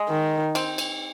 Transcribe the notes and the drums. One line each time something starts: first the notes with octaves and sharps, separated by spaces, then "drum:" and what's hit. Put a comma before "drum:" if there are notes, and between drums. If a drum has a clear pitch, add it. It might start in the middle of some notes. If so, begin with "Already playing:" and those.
Already playing: G#3
D#3
C4, drum: cymbal
drum: cymbal